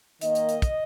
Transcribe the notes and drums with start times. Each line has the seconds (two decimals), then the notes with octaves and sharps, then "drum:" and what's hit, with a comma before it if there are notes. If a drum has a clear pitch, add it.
0.21 D#3 A#3 D#5, drum: hi-hat
0.35 drum: hi-hat
0.49 drum: hi-hat
0.62 drum: kick, hi-hat